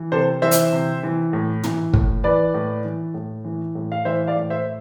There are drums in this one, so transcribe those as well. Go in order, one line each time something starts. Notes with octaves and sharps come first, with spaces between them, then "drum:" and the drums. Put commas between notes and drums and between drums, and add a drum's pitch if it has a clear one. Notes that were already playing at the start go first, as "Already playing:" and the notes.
Already playing: E3
C3 A4 C5
E3 C5 E5
drum: hi-hat
C3
E3
A2
E3, drum: tom
A2, drum: kick
E3 B4 D5
A2
E3
A2
E3
A2
F5
E3 C5 E5
D5 F5
A2
C5 E5